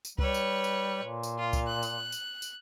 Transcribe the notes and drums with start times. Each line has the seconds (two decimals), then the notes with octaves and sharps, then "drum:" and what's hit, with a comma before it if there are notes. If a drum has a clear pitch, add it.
0.05 drum: tambourine
0.18 G3 B4 C#5, drum: kick C2
0.34 drum: tambourine
0.64 drum: tambourine
1.03 A#2
1.23 drum: tambourine
1.38 F4
1.53 drum: kick C2, tambourine
1.67 F#6
1.83 drum: tambourine
2.12 drum: tambourine
2.42 drum: tambourine